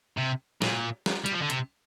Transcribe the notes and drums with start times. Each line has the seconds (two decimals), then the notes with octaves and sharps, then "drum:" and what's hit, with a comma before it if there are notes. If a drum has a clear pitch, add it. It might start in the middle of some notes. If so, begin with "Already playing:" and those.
0.18 C3
0.62 A#2, drum: snare
1.06 drum: snare
1.26 G3, drum: hi-hat
1.34 F3
1.43 D3
1.50 C3, drum: hi-hat